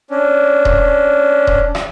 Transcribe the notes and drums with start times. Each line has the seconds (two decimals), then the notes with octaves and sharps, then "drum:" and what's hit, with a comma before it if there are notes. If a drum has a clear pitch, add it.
0.10 C#4 D4
0.65 drum: kick D#1
1.47 drum: kick D#1
1.75 drum: rim click